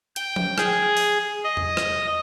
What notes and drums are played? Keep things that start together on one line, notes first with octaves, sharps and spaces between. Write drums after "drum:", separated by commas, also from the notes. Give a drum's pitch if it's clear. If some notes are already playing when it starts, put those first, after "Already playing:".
G5, drum: hi-hat
drum: tom F3
G#4, drum: rim click
drum: open hi-hat
D#5
drum: tom E2
drum: rim click